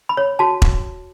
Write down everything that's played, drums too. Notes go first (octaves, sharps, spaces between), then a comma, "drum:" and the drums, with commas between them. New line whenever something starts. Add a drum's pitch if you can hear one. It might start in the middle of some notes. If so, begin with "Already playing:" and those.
B5
C#5
F#4 A5
drum: kick E1